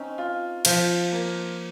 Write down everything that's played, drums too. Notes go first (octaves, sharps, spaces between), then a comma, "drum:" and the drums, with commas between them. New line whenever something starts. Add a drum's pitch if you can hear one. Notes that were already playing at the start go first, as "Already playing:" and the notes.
Already playing: C4 C#4 D#4
F4
F3 F4, drum: cymbal
A#3